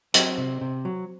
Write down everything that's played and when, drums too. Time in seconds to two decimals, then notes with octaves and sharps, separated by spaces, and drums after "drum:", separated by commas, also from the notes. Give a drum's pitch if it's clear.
0.14 F#3 C4, drum: hi-hat
0.38 C3
0.61 C3
0.85 F#3